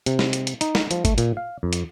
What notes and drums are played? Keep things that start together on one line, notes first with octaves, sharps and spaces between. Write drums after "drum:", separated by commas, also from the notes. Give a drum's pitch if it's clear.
C3, drum: hi-hat
drum: snare
drum: hi-hat
drum: hi-hat
D#4, drum: hi-hat
drum: snare
F3, drum: hi-hat
A3, drum: kick, hi-hat
A#2, drum: hi-hat
F5
F2
drum: hi-hat